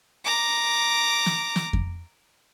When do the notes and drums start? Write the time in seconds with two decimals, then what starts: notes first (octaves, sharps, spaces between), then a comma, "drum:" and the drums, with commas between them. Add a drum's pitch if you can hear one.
0.25 A#5 D6
1.26 drum: snare
1.56 drum: snare
1.73 drum: kick F2